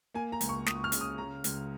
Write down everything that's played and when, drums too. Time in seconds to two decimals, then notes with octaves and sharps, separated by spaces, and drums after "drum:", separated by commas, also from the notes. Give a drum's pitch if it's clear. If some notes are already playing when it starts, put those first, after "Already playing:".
0.14 A#3 G#5
0.32 A#5
0.41 C#2, drum: hi-hat
0.49 C#6
0.66 C#2 D#6, drum: snare
0.84 F6
0.92 C#3, drum: hi-hat
1.01 D#6
1.18 C#3 A#5
1.44 C#2, drum: hi-hat